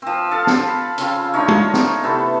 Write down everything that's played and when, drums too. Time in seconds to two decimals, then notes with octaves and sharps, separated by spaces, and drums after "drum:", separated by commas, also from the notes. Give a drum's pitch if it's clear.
0.02 F3 C4
0.31 A4 F5 A5
0.47 drum: snare
0.67 B5
0.98 C#3 C4 F4, drum: hi-hat
1.34 D3 A3 D#4 C#5
1.48 drum: tom G#3
1.74 drum: snare
2.03 C3 E3 B3 A4